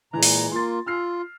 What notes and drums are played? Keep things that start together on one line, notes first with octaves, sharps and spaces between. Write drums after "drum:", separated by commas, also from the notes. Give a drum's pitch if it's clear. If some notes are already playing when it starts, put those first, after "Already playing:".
A#2 E3 G#3 A#5
drum: open hi-hat
A#3 F4 C6 A6
F4 E6 F6 C7